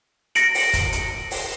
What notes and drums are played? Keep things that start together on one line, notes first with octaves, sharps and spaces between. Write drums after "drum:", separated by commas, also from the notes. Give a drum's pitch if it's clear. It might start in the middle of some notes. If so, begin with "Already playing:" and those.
A#6 C#7 D7 F#7, drum: hi-hat
drum: open hi-hat
drum: kick, hi-hat
drum: hi-hat
drum: open hi-hat